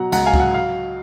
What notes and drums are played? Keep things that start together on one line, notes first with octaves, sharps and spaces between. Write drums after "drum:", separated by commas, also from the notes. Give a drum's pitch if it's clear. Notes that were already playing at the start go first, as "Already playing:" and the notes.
Already playing: B2 F#3 F#5 A#5
C#2 F#5 A#5, drum: cymbal
F5 G#5
F#3, drum: kick
F#5
F5